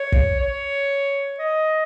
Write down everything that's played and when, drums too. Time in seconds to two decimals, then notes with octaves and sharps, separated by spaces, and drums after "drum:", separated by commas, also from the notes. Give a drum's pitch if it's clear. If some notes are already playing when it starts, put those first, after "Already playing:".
Already playing: C#5
0.12 drum: kick
0.40 C#5
1.39 D#5